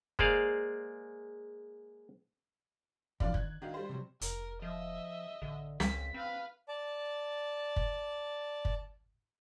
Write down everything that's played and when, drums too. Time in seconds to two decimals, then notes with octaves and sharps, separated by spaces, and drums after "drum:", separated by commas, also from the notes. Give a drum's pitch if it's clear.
0.19 G#3 A#3 G#4 C5 D5 F5, drum: kick
3.20 C3 E3 F3 D4 F4 D5, drum: kick
3.34 D#3 F#6 G#6, drum: kick
3.62 D#3 D4 F#4 F5
3.74 G3 C5
3.89 C3 F3 F#3
4.21 F1 A#4, drum: hi-hat
4.62 F3 D#5 E5
5.42 A1 D3
5.80 C#2 C4 B6, drum: snare
6.14 C4 B4 F5
6.68 D5 A5
7.76 drum: kick
8.65 drum: kick